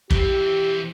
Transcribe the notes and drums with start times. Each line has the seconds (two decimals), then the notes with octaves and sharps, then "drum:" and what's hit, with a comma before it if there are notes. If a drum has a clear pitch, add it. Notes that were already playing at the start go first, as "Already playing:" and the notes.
0.11 E3 C4 G4, drum: kick